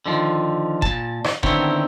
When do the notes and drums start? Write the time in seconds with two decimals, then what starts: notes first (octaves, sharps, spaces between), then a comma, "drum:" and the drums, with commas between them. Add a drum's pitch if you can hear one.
0.06 D3 D#3 F3
0.82 A#2 A5, drum: kick F#1
1.24 drum: rim click
1.43 D3 D#3 B3 C4 E4 C#5, drum: kick F#1